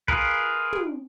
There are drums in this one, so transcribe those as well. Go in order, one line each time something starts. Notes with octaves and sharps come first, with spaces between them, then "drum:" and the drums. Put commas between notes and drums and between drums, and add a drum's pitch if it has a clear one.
F4 G#4 A#4 B4, drum: kick
drum: tom